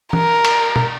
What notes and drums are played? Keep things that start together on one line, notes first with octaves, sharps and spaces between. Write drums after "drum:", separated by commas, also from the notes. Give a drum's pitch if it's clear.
A#4, drum: tom
drum: cymbal
drum: tom